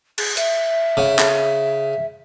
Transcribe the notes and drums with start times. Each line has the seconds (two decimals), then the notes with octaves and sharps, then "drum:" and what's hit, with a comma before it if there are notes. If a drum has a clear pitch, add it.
0.18 G#4, drum: cymbal
0.37 E5, drum: hi-hat
0.97 C#3
1.19 drum: clap